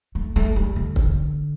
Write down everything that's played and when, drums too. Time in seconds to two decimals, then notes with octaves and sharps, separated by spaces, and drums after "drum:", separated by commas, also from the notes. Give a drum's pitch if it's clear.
0.15 A3
0.36 A3
0.56 G3
0.76 D3
0.96 drum: kick C#1